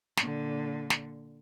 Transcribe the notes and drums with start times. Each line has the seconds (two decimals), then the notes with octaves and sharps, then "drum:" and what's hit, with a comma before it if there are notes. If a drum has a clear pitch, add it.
0.17 A#2 D3, drum: snare
0.90 drum: snare